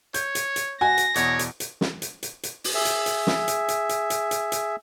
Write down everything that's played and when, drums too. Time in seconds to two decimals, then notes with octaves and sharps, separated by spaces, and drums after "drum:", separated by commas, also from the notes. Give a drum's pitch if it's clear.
0.14 C#5 G6, drum: hi-hat
0.35 drum: hi-hat
0.56 drum: hi-hat
0.81 F#4 G#5 A#6
0.98 drum: hi-hat
1.16 E2 B2 C#5, drum: hi-hat
1.39 drum: hi-hat
1.60 drum: hi-hat
1.81 drum: snare
2.02 drum: hi-hat
2.23 drum: hi-hat
2.43 drum: hi-hat
2.64 drum: open hi-hat
2.74 G#4 E5
2.85 drum: hi-hat
3.06 drum: hi-hat
3.27 drum: snare
3.48 drum: hi-hat
3.68 drum: hi-hat
3.89 drum: hi-hat
4.10 drum: hi-hat
4.31 drum: hi-hat
4.52 drum: hi-hat